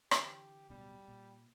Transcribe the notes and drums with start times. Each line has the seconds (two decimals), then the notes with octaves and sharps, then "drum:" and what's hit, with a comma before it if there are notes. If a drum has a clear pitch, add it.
0.11 D3 E3 G4, drum: rim click
0.70 D1 B2 G3 D4
1.08 A#2